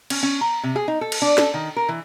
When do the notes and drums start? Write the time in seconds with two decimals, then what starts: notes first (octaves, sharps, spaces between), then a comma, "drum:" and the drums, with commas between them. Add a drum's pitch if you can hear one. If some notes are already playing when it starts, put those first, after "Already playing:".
0.10 C#4, drum: cymbal
0.23 C#4
0.41 A#5
0.63 C3
0.76 G#4
0.88 D#4
1.01 A4
1.12 drum: cymbal
1.22 D4
1.38 A4, drum: snare
1.54 D#3
1.76 A#4
1.88 E3